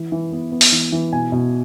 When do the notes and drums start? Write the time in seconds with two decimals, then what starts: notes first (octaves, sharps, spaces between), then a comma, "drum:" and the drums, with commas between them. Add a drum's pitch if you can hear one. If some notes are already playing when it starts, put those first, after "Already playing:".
Already playing: E3
0.12 E3
0.32 B3
0.52 B3
0.61 drum: open hi-hat
0.72 E3
0.92 E3
1.12 B2 G#5
1.32 B2